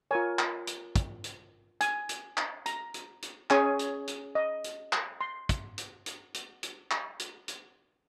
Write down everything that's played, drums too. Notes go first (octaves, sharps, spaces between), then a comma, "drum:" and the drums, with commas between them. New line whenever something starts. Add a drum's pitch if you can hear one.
F4 A#4 C#5 G#5
drum: clap
drum: hi-hat
drum: kick, hi-hat
drum: hi-hat
G#5, drum: hi-hat
drum: hi-hat
drum: clap
A#5, drum: hi-hat
drum: hi-hat
drum: hi-hat
C#4 G#4 C#5 G#5, drum: clap
drum: hi-hat
drum: hi-hat
D#5
drum: hi-hat
drum: clap
C6
drum: kick, hi-hat
drum: hi-hat
drum: hi-hat
drum: hi-hat
drum: hi-hat
drum: clap
drum: hi-hat
drum: hi-hat